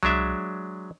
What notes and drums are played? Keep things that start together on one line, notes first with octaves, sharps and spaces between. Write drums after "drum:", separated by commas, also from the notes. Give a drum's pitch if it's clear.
F#3 G#3 D4 E5, drum: tom C2